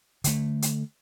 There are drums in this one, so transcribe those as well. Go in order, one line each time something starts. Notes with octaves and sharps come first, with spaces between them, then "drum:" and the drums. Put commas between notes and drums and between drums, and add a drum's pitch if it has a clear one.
D3 A3, drum: hi-hat
drum: hi-hat